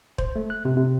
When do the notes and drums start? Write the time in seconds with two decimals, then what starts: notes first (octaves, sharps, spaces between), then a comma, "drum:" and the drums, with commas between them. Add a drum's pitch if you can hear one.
0.18 C5, drum: kick
0.36 A3
0.50 F#6
0.65 C3
0.77 C3